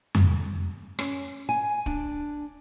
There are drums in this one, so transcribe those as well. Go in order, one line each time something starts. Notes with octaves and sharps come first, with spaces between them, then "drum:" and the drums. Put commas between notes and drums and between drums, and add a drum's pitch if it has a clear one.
drum: tom F2
C#4, drum: rim click
G#5
D4, drum: kick